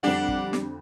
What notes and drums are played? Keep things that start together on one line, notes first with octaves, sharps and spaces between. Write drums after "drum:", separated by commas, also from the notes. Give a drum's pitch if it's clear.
F2 D3 G3 D4 G4 F#5
drum: kick
drum: snare